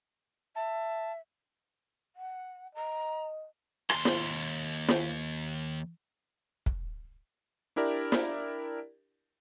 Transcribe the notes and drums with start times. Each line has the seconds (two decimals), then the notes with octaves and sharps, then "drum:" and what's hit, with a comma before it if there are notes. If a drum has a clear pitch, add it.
0.56 E5 A5
2.16 F#5
2.75 D#5 A#5
3.90 D#2 C6, drum: rim click
4.05 drum: snare
4.88 drum: snare
6.66 drum: kick
7.76 D4 E4 G4 A#4 D5
8.12 drum: snare